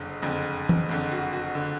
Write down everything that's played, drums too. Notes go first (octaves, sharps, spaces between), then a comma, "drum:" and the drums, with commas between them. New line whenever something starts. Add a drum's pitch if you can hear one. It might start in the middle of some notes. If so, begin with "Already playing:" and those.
Already playing: F#1 F2 D3
F#1 F2 D3
drum: tom E3
F#1 F2 D3
F#4
F#4
D3